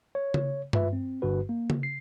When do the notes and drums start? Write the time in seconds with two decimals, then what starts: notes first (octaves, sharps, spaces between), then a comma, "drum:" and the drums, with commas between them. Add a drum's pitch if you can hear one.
0.15 C#5
0.34 drum: tom C#3
0.73 F4 B4 E5, drum: tom G2
0.93 C4
1.22 G1 G2 D3 F#4 B4
1.49 A#3
1.70 drum: tom C#3
1.83 C7